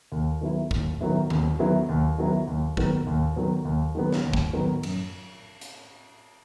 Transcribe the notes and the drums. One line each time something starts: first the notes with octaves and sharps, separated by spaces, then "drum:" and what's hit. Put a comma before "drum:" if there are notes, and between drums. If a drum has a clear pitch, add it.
D#2
D#3 F#3 B3 E4
D#2, drum: kick
D#3 F#3 B3 E4
D#2, drum: tom D3
D#3 F#3 B3 E4
D#2
D#3 F#3 B3 E4
D#2
D#3 F#3 B3, drum: kick
D#2
D#3 F#3 B3
D#2
D#3 F#3 B3
drum: snare
D#2
drum: kick
D#3 F#3 B3
F#2, drum: cymbal
drum: hi-hat